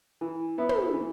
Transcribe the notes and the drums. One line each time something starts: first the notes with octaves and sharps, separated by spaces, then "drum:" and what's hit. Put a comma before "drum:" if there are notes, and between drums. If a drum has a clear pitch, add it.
E3
B3 E4
drum: tom
E3